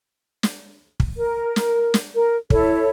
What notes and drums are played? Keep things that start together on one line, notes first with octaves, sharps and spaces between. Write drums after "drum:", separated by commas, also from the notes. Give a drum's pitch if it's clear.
drum: snare
drum: kick
A#4
drum: snare
drum: snare
A#4
E4 A4 C#5, drum: kick